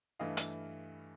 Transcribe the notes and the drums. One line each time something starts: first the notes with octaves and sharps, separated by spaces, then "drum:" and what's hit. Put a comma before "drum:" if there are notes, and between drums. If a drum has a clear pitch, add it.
G2 E3 A3 D#5 F5
drum: hi-hat